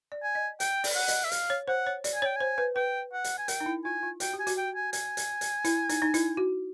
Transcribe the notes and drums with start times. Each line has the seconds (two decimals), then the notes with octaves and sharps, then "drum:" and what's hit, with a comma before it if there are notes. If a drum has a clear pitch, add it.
0.12 D5
0.23 G#5
0.35 D#5
0.60 G5, drum: hi-hat
0.84 D5, drum: open hi-hat
0.95 F#5
1.08 D#5, drum: hi-hat
1.24 E5
1.32 F5, drum: hi-hat
1.50 C#5
1.68 C5 F#5
1.87 C#5
2.04 D5, drum: hi-hat
2.15 G#5
2.22 C#5 G5
2.36 C5 G#5
2.58 B4
2.76 B4 G5
3.13 F#5
3.24 drum: hi-hat
3.38 G#5
3.48 A#4 G5, drum: hi-hat
3.61 D#4
3.66 E4
3.85 F4 G#5
4.03 F4
4.20 F#4 G5, drum: hi-hat
4.34 G4
4.39 G#5
4.47 F#4, drum: hi-hat
4.57 G5
4.75 G#5
4.93 G#5, drum: hi-hat
5.17 drum: hi-hat
5.41 drum: hi-hat
5.65 E4, drum: hi-hat
5.89 D#4, drum: hi-hat
6.02 D#4
6.14 E4, drum: hi-hat
6.37 F#4